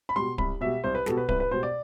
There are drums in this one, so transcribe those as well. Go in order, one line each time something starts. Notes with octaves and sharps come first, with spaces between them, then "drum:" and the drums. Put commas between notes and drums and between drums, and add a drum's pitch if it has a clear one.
B5
B2 G3 C6
C2 B5, drum: kick D1
B2 G3 E5
C2 C5
B4
B2 G3 A4, drum: snare
B4
C2 B4, drum: kick D1
B4
B2 G3 C5
D5